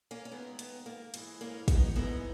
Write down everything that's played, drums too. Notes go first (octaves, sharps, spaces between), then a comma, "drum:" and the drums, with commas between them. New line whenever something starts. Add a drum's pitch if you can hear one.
A#3 C#4
C#4
D#2 D#3 G#3 B3
B3, drum: hi-hat
A#3
G#2 E3 G#3, drum: hi-hat
A#3 C#4
B3 D#4, drum: kick, hi-hat
G#2 E3 G#3 B3 D#4